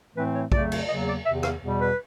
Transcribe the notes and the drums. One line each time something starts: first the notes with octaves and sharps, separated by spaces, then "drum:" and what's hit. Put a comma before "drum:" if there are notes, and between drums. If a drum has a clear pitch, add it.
A2 E3 A3 C4 B4
C#5
F2 C#3 F#3 A3 D5, drum: kick
drum: cymbal
E2 C#3 F#3 A#3 D#5
D5
E2 C3 D#3 E5
F5, drum: rim click
E2 B2 G3
B4